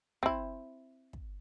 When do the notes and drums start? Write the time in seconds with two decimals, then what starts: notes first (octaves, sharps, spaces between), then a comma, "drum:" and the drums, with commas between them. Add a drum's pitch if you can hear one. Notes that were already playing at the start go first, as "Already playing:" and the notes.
0.23 C4 E4, drum: kick
1.13 drum: kick